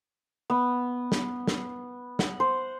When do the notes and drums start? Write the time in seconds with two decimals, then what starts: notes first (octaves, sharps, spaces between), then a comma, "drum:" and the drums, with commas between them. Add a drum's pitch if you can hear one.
0.50 B3
1.12 drum: snare
1.47 drum: snare
2.19 F#5, drum: snare
2.40 C5